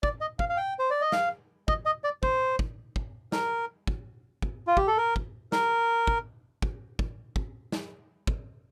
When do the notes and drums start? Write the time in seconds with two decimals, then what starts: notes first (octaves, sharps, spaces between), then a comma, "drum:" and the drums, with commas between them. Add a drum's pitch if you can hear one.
0.03 D5, drum: kick
0.21 D#5
0.39 F5, drum: kick
0.49 F5
0.57 G5
0.79 C5
0.90 D5
1.01 D#5
1.12 F5, drum: snare
1.68 D#5, drum: kick
1.86 D#5
2.04 D5
2.23 C5, drum: kick
2.59 drum: kick
2.96 drum: kick
3.32 A#4, drum: snare
3.87 drum: kick
4.42 drum: kick
4.67 F4
4.77 G4, drum: kick
4.87 A4
4.98 A#4
5.16 drum: kick
5.52 A#4, drum: snare
6.07 drum: kick
6.62 drum: kick
6.99 drum: kick
7.36 drum: kick
7.72 drum: snare
8.27 drum: kick